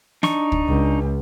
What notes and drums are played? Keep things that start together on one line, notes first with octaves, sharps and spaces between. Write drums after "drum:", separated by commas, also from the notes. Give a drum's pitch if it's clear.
D4 D#4 C#6, drum: snare
drum: kick
C#2